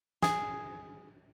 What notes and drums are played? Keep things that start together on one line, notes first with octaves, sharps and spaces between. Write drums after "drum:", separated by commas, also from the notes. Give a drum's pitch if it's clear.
G#4, drum: snare